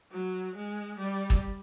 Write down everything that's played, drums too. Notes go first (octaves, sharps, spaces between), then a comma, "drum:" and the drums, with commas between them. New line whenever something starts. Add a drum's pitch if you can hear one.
F#3
G#3
G3
drum: kick